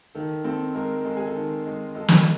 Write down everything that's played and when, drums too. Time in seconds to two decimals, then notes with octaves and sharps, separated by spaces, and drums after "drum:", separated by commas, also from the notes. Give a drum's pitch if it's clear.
0.15 D#3 A4
0.44 C4 A4
0.75 G#3 A#4
1.05 G#3 A4
1.17 G#4
1.27 A4
1.35 D#3
1.66 G#3
1.95 G#3 A4
2.08 drum: snare